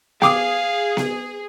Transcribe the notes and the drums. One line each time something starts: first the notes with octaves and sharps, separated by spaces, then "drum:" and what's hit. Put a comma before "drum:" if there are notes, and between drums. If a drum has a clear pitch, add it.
G#4 F5 G5 D6 D#6, drum: snare B3
drum: snare B3